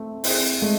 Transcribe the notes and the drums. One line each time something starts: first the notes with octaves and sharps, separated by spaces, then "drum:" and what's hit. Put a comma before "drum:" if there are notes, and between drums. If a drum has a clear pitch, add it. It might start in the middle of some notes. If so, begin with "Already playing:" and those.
Already playing: A3 C4
C4 E4 G#4, drum: open hi-hat
G#3 A3